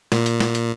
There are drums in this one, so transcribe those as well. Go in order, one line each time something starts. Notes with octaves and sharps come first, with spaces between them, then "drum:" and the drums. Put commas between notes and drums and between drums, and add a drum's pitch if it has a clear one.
A#2, drum: snare
drum: hi-hat
drum: snare
drum: hi-hat